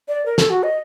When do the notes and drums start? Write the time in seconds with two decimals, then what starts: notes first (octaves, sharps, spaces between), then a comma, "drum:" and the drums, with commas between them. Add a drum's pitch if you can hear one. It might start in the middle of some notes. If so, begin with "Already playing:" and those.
0.08 D5
0.26 A#4
0.38 A4, drum: snare
0.50 F#4
0.63 D#5